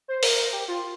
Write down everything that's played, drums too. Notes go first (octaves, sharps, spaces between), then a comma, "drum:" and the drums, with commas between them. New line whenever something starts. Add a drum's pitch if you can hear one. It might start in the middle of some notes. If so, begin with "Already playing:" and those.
C5
A#4, drum: open hi-hat
A#4
G4
F4